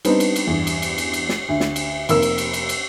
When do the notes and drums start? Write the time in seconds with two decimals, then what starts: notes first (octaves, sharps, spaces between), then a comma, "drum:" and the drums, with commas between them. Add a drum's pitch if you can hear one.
0.05 G3 B3 C4 D4 D#4, drum: cymbal
0.20 drum: cymbal
0.36 drum: cymbal
0.47 E2 G2
0.67 drum: cymbal
0.82 drum: cymbal
0.98 drum: cymbal
1.14 drum: cymbal
1.29 drum: snare
1.48 D2
1.60 drum: snare
1.76 drum: cymbal
2.09 F1 A#3 A#4 E6, drum: cymbal
2.22 drum: cymbal
2.38 drum: cymbal
2.54 drum: cymbal
2.69 drum: cymbal